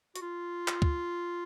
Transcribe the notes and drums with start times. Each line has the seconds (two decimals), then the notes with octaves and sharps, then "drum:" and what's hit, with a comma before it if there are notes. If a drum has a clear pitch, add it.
0.16 F#4, drum: hi-hat
0.22 F4
0.68 drum: clap
0.82 drum: kick